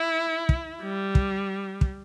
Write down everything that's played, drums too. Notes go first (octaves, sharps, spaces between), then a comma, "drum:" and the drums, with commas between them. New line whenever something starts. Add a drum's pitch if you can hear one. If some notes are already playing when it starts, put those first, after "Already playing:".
Already playing: E4
drum: kick
G3
drum: kick
drum: kick